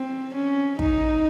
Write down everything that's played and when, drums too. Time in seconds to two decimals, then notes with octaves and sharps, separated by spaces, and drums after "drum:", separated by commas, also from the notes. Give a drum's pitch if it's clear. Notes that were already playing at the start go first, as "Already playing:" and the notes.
Already playing: C4
0.34 C#4
0.79 D#4, drum: kick